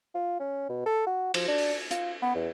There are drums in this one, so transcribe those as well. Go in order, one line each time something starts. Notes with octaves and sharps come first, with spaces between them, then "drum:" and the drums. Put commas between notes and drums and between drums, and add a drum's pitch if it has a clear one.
F4
C#4
B2
A4
F#4
F3, drum: cymbal
D4
drum: open hi-hat
F4, drum: hi-hat
B3
E2